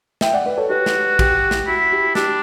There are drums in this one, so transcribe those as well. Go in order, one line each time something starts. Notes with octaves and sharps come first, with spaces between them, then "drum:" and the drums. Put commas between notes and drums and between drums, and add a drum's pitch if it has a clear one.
E5 G5, drum: snare
D5 F#5
B4 D5
A4 C#5
F#4 G4 B4
drum: snare
G4, drum: kick, cymbal
drum: snare
E4 F#4
G4
D4 G4, drum: snare